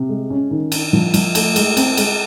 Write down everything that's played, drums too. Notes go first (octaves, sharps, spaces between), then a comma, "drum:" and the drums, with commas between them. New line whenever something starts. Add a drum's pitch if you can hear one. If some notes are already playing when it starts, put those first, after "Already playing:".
Already playing: C3
G#3
C#4
D#3
D4, drum: cymbal
F3
F3, drum: cymbal
A3, drum: cymbal
G#3, drum: cymbal
C4, drum: cymbal
G#3, drum: cymbal